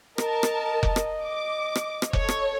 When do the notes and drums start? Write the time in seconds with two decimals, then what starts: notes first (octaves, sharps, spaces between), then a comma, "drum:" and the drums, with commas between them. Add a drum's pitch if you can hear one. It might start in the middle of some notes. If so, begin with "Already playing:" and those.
0.18 A#4 D#5 A5, drum: rim click
0.43 drum: rim click
0.83 drum: kick F1
0.96 drum: rim click
1.22 D6
1.75 drum: rim click
2.02 drum: rim click
2.13 A4 C#5, drum: kick F1
2.29 drum: rim click